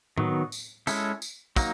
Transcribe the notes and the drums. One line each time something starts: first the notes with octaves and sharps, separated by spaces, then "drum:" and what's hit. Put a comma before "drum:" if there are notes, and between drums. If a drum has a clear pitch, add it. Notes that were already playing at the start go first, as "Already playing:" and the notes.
D#3 F#3 B3, drum: tom A2
drum: tambourine
G#3 C#4 E4 A4, drum: tambourine
drum: tambourine
F#3 A#3 D#4, drum: kick, tambourine